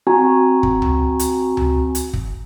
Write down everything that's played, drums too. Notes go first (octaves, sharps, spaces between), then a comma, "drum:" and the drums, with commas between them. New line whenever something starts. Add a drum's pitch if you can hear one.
C4 F#4 G#5 A#5
drum: kick
drum: tom C#2
drum: hi-hat
drum: tom C#2
drum: hi-hat
drum: kick